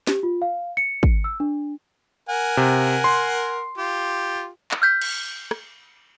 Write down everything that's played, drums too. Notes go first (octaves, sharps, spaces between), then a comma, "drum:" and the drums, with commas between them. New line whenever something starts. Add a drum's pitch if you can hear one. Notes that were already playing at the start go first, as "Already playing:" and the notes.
G4, drum: snare
F4
F5
C#7
drum: kick
E6
D4
A#4 F#5 G#5
C3
C6
F4 G4
drum: clap
F6 G6 B6
drum: cymbal
drum: rim click